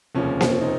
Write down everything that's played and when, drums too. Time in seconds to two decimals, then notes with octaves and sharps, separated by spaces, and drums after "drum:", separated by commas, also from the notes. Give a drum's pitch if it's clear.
0.15 F1 D#2 C#3 F3 C#4
0.41 C4, drum: snare A#3
0.61 D#4